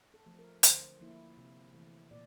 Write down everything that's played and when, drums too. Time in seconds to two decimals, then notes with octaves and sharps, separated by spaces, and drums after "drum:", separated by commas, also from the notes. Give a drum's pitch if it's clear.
0.14 A4
0.26 F3 A3
0.39 A#4
0.63 D3 C5, drum: hi-hat
1.00 F3 A#3 E4
1.37 C3
1.73 E3 A3
2.11 A#2 D5